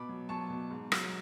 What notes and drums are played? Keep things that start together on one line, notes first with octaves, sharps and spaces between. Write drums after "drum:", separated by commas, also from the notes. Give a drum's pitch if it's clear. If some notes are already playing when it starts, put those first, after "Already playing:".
Already playing: B2 B5 D6
F#3
F#3 A5 C#6
B2
G#2
F#3, drum: rim click